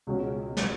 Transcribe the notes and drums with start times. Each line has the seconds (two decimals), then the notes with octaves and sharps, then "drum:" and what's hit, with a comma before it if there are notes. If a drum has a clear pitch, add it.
0.07 C#2 B2 G#3 C#4 F#4
0.57 drum: snare